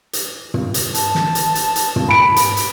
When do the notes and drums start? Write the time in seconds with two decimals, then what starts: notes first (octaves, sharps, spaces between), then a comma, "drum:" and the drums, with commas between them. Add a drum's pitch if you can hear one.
0.13 drum: hi-hat
0.54 drum: tom
0.74 drum: hi-hat
0.94 A5, drum: hi-hat
1.15 drum: snare
1.35 drum: hi-hat
1.55 drum: hi-hat
1.76 drum: hi-hat
1.96 drum: tom
2.09 B5 D7
2.36 drum: hi-hat
2.57 drum: hi-hat